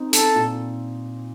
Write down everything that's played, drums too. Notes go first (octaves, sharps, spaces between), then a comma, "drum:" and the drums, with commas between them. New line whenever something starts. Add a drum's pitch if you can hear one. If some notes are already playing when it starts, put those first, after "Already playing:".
Already playing: C4 D#4
D#4 A4, drum: hi-hat
A#2